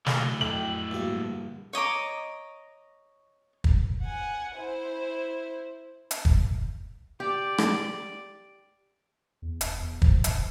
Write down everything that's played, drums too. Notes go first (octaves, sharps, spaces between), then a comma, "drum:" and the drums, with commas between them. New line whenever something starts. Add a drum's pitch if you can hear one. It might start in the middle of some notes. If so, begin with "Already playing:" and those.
A2 D3 A4, drum: snare
F2 A4 E5 G5 F#7
A#1 G2 A#3 F#4 G#5
C#5 D#5 A#5 D6
drum: kick
F#5 G#5
E4 C5
drum: hi-hat
drum: kick
G4 D5
drum: rim click
E2
E1, drum: hi-hat
E2
F3, drum: kick
D1, drum: hi-hat